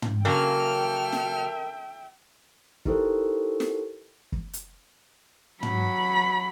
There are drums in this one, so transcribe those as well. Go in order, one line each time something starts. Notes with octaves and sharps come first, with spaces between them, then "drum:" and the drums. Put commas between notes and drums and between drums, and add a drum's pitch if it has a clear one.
drum: tom
C#3 F#3 A#3 A4 A#4 E5 G5 F6
drum: snare
D#4 E4 G4 A4 A#4 C5, drum: kick
drum: snare
drum: kick
drum: hi-hat
F#3 B5, drum: tom